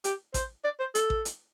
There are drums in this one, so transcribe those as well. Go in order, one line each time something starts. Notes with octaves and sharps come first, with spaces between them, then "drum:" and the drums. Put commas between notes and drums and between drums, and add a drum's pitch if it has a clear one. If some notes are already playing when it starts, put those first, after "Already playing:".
G4, drum: hi-hat
C5, drum: kick A1, hi-hat
D5
C5
A4, drum: hi-hat
drum: kick A1
drum: hi-hat